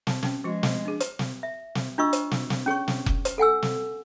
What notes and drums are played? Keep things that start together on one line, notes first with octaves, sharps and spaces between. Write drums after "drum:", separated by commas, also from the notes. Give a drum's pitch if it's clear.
A5, drum: snare
C#4 A5, drum: snare
F3 G#3 F#4
drum: snare
D4 G#4
drum: hi-hat
drum: snare
E5
drum: snare
D4 F4 D#5 C#6 E6
drum: hi-hat
drum: snare
drum: snare
C#4 G#4 C#5 C#6
drum: snare
drum: kick F1
drum: hi-hat
A4 F#5 G#5 E6
drum: snare